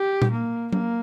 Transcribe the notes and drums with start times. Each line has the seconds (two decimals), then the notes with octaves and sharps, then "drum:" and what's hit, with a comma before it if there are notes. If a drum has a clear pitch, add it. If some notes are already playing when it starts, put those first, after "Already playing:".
Already playing: G4
0.22 drum: tom A#2
0.32 A#3
0.73 A#3, drum: tom F#3